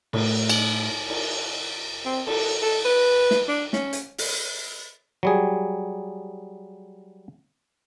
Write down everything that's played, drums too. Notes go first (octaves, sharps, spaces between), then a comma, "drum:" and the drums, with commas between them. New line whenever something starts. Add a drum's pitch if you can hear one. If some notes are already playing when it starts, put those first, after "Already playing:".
A2, drum: cymbal
drum: cymbal
drum: cymbal
C4
A4, drum: cymbal
A4
B4
drum: snare
D4
C#4, drum: snare
drum: hi-hat
drum: open hi-hat
F#3 G3 G#4